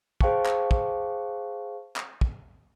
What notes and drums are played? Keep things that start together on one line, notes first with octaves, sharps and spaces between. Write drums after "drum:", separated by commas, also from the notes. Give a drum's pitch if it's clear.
G#4 C5 F5 G5 A5 C#6, drum: kick
drum: clap
drum: kick
drum: clap
drum: kick